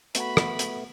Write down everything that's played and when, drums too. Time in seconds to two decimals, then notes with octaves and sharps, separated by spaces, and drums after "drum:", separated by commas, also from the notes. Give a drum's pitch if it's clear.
0.15 A3 B3 F#4 B5, drum: hi-hat
0.37 drum: rim click
0.59 drum: hi-hat